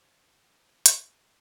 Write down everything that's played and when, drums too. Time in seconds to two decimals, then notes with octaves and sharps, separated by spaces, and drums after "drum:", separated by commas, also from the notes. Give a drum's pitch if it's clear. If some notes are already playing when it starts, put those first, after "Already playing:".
Already playing: E2 C3 E3 C5 D5
0.86 drum: hi-hat